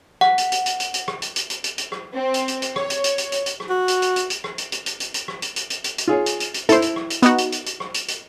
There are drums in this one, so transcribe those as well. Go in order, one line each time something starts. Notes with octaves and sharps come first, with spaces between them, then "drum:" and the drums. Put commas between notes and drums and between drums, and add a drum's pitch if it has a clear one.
F#5, drum: rim click
drum: hi-hat
drum: hi-hat
drum: hi-hat
drum: hi-hat
drum: hi-hat
drum: rim click
drum: hi-hat
drum: hi-hat
drum: hi-hat
drum: hi-hat
drum: hi-hat
drum: rim click
C4
drum: hi-hat
drum: hi-hat
drum: hi-hat
C#5, drum: rim click
drum: hi-hat
drum: hi-hat
drum: hi-hat
drum: hi-hat
drum: hi-hat
drum: rim click
F#4
drum: hi-hat
drum: hi-hat
drum: hi-hat
drum: hi-hat
drum: rim click
drum: hi-hat
drum: hi-hat
drum: hi-hat
drum: hi-hat
drum: hi-hat
drum: rim click
drum: hi-hat
drum: hi-hat
drum: hi-hat
drum: hi-hat
drum: hi-hat
F4 G#4 C#5
drum: hi-hat
drum: hi-hat
drum: hi-hat
E4 A4 C5, drum: hi-hat
drum: hi-hat
drum: rim click
drum: hi-hat
B3 D#4 F#4, drum: hi-hat
drum: hi-hat
drum: hi-hat
drum: hi-hat
drum: rim click
drum: hi-hat
drum: hi-hat